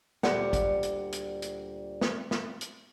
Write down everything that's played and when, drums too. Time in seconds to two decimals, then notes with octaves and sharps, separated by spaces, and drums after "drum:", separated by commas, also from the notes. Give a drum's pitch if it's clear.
0.23 D2 A#2 G3 F#5, drum: snare
0.53 drum: kick, hi-hat
0.83 drum: hi-hat
1.12 drum: hi-hat
1.42 drum: hi-hat
2.01 drum: snare
2.31 drum: snare
2.61 drum: hi-hat